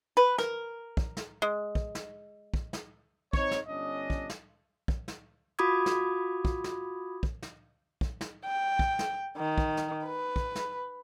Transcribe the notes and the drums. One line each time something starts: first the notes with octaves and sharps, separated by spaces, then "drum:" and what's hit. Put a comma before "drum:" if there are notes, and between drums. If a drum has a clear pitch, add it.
B4
A#4, drum: snare
drum: kick
drum: snare
G#3
drum: kick
drum: snare
drum: kick
drum: snare
C4 D#4 C#5, drum: kick
drum: snare
G1 C#4 D4 D#5
drum: kick
drum: snare
drum: kick
drum: snare
F4 F#4 B5 D6 D#6 G#6
drum: snare
drum: kick
drum: snare
drum: kick
drum: snare
drum: kick
drum: snare
G5
drum: kick
drum: snare
D#3
drum: kick
drum: snare
B4
drum: kick
drum: snare